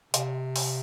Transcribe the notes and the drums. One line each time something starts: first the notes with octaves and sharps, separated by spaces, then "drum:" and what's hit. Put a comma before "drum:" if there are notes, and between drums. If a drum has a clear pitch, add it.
C3, drum: hi-hat
drum: open hi-hat